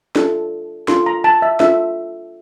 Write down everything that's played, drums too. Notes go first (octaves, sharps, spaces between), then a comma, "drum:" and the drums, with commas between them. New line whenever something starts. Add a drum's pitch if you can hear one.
D4 F4 A4, drum: snare
D4 F4 A4 C6, drum: snare
A#5
A5
E5
D4 F4 A4 E5, drum: snare